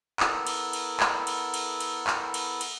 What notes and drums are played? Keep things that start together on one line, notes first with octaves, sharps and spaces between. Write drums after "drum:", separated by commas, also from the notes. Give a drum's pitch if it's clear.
B3 E4 A4 A#4, drum: clap
drum: cymbal
drum: cymbal
drum: clap
drum: cymbal
drum: cymbal
drum: cymbal
drum: clap
drum: cymbal
drum: cymbal